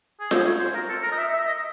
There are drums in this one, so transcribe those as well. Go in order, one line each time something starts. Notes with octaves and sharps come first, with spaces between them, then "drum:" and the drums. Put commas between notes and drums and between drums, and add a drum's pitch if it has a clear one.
G#4
G4, drum: snare F4
C#5
C5
A#4
A4
A#4
D#5
E5
E5
D#5